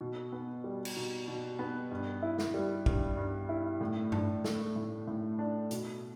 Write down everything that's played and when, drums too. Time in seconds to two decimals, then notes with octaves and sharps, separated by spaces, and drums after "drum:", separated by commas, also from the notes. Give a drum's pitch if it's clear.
0.01 B2
0.32 B3
0.64 G3
0.85 drum: cymbal
0.96 B2
1.28 B2
1.59 B3
1.91 G2
2.22 E4
2.38 drum: snare
2.54 G3
2.86 G2, drum: kick
3.17 G2
3.49 E4
3.81 A2
4.12 D4, drum: tom G2
4.44 A3, drum: snare
4.76 A2
5.07 A2
5.39 D4
5.71 B2, drum: hi-hat